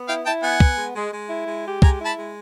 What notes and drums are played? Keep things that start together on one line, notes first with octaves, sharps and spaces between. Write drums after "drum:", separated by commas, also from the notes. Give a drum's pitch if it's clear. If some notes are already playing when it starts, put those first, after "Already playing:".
Already playing: B3
E4 F5 G5
E4 G5 A5
B3 F#5 G#5
B3, drum: kick
G#3
G#3
G#3
E4
G#3
G4
G#3 G#5 A#5, drum: kick
E4
A5 B5
G#3